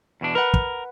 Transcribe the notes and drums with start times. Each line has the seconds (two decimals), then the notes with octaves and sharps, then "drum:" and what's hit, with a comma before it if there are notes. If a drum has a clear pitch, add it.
0.21 E2 B2 D4
0.35 A#4 B4 F#5
0.54 drum: kick